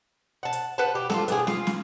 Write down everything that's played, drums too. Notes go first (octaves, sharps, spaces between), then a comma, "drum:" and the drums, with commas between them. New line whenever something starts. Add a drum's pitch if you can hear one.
F#5 A5
drum: hi-hat
B4 F#5 G5 A5
G4
F4 F#4 A4, drum: snare
B3 G4 G#4, drum: hi-hat
F4, drum: snare
drum: snare